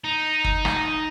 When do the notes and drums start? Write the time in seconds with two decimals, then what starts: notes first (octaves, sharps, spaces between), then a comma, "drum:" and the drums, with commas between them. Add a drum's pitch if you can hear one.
0.04 D#4
0.44 drum: kick
0.65 drum: rim click